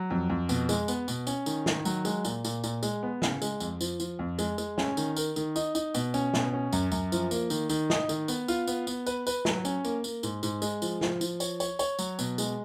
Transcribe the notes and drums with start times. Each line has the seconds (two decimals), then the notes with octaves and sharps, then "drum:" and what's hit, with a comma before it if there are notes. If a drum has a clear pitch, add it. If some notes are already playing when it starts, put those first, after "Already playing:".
Already playing: F#3
0.10 F2
0.30 F2
0.49 B2, drum: tambourine
0.69 G#3, drum: tambourine
0.88 B3, drum: tambourine
1.08 B2, drum: tambourine
1.27 C#4, drum: tambourine
1.46 D#3, drum: tambourine
1.66 D#3, drum: snare
1.85 F#3, drum: tambourine
2.05 G#3, drum: tambourine
2.25 A#2, drum: tambourine
2.45 A#2, drum: tambourine
2.64 A#2, drum: tambourine
2.83 G#3, drum: tambourine
3.03 B3
3.22 C#3, drum: snare
3.42 G#3, drum: tambourine
3.60 F2, drum: tambourine
3.81 F3, drum: tambourine
4.00 F3, drum: tambourine
4.19 F2
4.39 G#3, drum: tambourine
4.58 G#3, drum: tambourine
4.78 C#4, drum: snare
4.97 D#3, drum: tambourine
5.16 A#4, drum: tambourine
5.36 D#3, drum: tambourine
5.56 D#4, drum: tambourine
5.75 D#4, drum: tambourine
5.94 B2, drum: tambourine
6.14 C#4, drum: tambourine
6.34 B2, drum: snare
6.53 C#4
6.73 F#2, drum: tambourine
6.92 F#2, drum: tambourine
7.12 F3, drum: tambourine
7.31 A#3, drum: tambourine
7.50 D#3, drum: tambourine
7.69 D#3, drum: tambourine
7.90 D#4, drum: snare
8.09 D#3, drum: tambourine
8.28 B3, drum: tambourine
8.48 F4, drum: tambourine
8.67 B3, drum: tambourine
8.87 B3, drum: tambourine
9.06 B4, drum: tambourine
9.27 B4, drum: tambourine
9.45 F#3, drum: snare
9.65 C#4, drum: tambourine
9.85 A#3, drum: tambourine
10.04 A#3, drum: tambourine
10.23 G#2, drum: tambourine
10.43 G#2, drum: tambourine
10.62 G#3, drum: tambourine
10.82 F3, drum: tambourine
11.01 F3, drum: snare
11.21 F3, drum: tambourine
11.40 C#5, drum: tambourine
11.60 C#5, drum: tambourine
11.79 C#5, drum: tambourine
11.99 F#3, drum: tambourine
12.19 B2, drum: tambourine
12.38 G#3, drum: tambourine